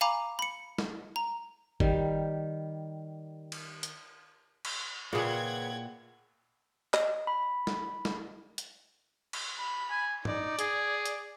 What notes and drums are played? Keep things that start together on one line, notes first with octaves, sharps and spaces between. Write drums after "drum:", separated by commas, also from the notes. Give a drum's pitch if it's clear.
F5 G#5 A#5 B5 D6
B5 C#7
drum: snare
A#5
D#3 G3, drum: kick
drum: cymbal
drum: hi-hat
drum: cymbal
A#2 C#3 E3 G#4 F#5 G5 G#6
D#5, drum: clap
B5
drum: snare
drum: snare
drum: hi-hat
drum: cymbal
B5
G#5
D#4 D5, drum: tom G2
G#4, drum: hi-hat
drum: hi-hat